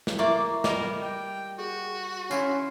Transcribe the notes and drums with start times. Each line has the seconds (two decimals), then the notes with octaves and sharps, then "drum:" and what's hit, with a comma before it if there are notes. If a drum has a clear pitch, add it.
0.07 drum: snare
0.19 A#3 E4 D5 E5 C#6
0.64 G3 A#4 D#5, drum: snare
1.02 G5
1.59 F#4 G#4
2.31 C#4 E4 F4, drum: tambourine